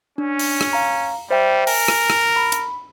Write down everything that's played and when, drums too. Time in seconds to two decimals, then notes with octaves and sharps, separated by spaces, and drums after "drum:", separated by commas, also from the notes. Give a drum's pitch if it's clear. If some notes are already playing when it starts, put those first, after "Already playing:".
0.18 C#4 D4
0.39 drum: open hi-hat
0.61 drum: rim click
0.73 F5 A#5
1.31 G3 C5 E5 G5
1.67 A#4 G#5, drum: open hi-hat
1.88 drum: rim click
2.10 drum: rim click
2.36 B5
2.52 drum: hi-hat